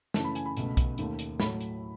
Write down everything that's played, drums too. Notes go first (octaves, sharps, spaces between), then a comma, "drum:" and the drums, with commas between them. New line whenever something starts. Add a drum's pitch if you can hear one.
F#2 C#3 E3 A3 A5, drum: snare
B5
G#5, drum: hi-hat
B5
C#2 B2 A3, drum: hi-hat
drum: kick B1, hi-hat
D#2 D#3 A3, drum: hi-hat
drum: hi-hat
A2 F#3 A3 B5, drum: snare
drum: hi-hat